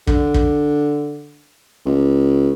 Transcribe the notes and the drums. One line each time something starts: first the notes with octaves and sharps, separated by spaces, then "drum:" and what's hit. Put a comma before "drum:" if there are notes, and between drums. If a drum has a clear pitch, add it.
D3, drum: kick
drum: kick
C#2